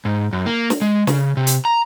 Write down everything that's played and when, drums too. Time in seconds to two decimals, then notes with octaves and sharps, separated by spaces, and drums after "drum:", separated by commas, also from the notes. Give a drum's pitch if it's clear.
0.05 G#2
0.33 F#2
0.46 A#3
0.70 drum: snare
0.82 G#3
1.07 C#3, drum: snare
1.37 C3
1.47 drum: hi-hat
1.65 A#5